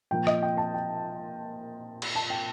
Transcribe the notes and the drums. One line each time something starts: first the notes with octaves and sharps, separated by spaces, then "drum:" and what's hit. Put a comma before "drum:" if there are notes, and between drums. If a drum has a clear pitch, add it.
A#2 F3 A#3 G5
D#5, drum: rim click
G5
A5
G5
drum: cymbal
A5
G5